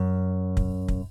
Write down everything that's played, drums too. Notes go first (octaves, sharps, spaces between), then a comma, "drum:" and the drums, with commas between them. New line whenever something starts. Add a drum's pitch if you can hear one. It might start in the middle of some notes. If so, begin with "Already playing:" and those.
Already playing: F#2
drum: kick
drum: kick